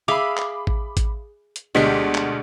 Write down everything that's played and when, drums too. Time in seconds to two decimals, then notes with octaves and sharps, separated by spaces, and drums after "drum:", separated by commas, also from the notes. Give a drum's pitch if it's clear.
0.08 G#4 E5 F5 B5 D6
0.38 drum: clap
0.67 drum: kick A1
0.97 drum: kick A1, hi-hat
1.56 drum: hi-hat
1.75 D2 B2 G#3 D4 G4 B6
2.15 drum: clap